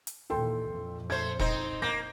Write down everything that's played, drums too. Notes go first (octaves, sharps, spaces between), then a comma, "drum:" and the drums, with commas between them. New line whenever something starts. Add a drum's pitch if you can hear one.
drum: hi-hat
D#2 A#2 E3 A4 G5 C6
A#1 F2
A3 C5 G#6
C4 D#4 C5, drum: kick E1
A#3 G6 A#6